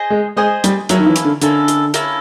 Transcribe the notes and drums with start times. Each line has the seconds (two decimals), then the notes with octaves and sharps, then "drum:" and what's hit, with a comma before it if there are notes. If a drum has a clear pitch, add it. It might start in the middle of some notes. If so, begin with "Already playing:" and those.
Already playing: G#4 C5 D#5 G#5
0.10 G#3
0.36 G#3 G#4 C5 D#5 G#5
0.64 G3, drum: hi-hat
0.89 F#3 A#3 C#4 E4 A4, drum: hi-hat
0.99 D#3
1.06 E3
1.16 drum: hi-hat
1.25 D3
1.41 D3 A#3 C#4 E4 A4, drum: hi-hat
1.68 drum: hi-hat
1.94 A#3 C#4 E4 A4, drum: hi-hat